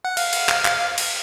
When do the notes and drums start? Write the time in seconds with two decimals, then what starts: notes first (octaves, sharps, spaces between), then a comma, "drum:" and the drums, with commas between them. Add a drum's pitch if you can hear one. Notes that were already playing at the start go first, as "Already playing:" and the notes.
0.05 F#5
0.17 F5, drum: cymbal
0.33 drum: cymbal
0.49 drum: clap
0.65 drum: clap
0.98 drum: cymbal